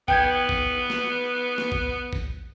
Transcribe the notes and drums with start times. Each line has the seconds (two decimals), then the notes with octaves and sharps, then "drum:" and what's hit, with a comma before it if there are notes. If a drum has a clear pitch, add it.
0.08 B3 G5 G6 G#6, drum: kick
0.49 drum: kick
0.90 drum: snare
1.58 drum: snare
1.72 drum: kick
2.13 drum: kick